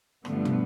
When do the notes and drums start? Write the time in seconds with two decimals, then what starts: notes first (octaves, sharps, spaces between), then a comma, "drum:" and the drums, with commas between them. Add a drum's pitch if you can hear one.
0.25 G2 D3 F3 A3 B3, drum: rim click
0.45 drum: tom